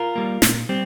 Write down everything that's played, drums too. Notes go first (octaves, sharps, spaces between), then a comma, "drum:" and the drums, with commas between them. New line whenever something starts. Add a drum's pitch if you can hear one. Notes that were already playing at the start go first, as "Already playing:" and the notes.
Already playing: F4 A#4
G3 A#3
A#2, drum: snare
G3 C4